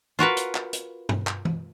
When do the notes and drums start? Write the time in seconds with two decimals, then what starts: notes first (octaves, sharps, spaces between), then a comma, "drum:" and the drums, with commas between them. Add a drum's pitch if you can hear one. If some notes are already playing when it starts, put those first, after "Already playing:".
0.19 F4 F#4 A#4 B4
0.37 drum: hi-hat
0.55 drum: clap
0.73 drum: hi-hat
1.09 drum: tom G2
1.27 drum: clap
1.45 drum: tom E3